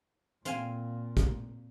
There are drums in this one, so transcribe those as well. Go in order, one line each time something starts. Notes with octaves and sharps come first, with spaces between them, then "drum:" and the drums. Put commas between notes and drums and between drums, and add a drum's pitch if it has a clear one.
A#2 C4 F5 G#5, drum: hi-hat
drum: kick, hi-hat